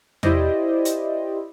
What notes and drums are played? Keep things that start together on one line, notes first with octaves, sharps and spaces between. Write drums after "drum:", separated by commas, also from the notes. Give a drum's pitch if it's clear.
E4 G4 C5 D5 D#5, drum: tom E2
drum: hi-hat